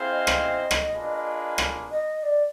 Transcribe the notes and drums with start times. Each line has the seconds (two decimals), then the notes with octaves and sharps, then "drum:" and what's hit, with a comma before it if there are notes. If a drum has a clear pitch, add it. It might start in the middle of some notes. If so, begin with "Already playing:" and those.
Already playing: C4 E4 G#4 C5 F5
0.10 D#5
0.27 drum: rim click
0.71 drum: rim click
0.92 A#3 D4 F4 G#4 B4
1.58 drum: rim click
1.91 D#5
2.23 D5